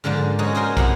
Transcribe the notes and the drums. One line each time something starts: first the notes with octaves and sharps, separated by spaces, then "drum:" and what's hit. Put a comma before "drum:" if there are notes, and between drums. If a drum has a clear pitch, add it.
G#2 D3 F3 A#3 D4
G#3 C#4 D#4 F#4 G#4 A4
A#3 D#4 A#4 C5 G#5
C3 E4 F#5 A#5, drum: kick